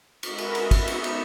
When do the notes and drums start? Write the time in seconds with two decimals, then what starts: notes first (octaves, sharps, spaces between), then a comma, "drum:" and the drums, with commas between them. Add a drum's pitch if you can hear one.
0.23 G#3 F#4 A#4 B4 D#5 E5, drum: cymbal
0.38 drum: cymbal
0.55 drum: cymbal
0.71 B3 D#4 E5, drum: kick, cymbal
0.88 drum: cymbal
1.04 drum: cymbal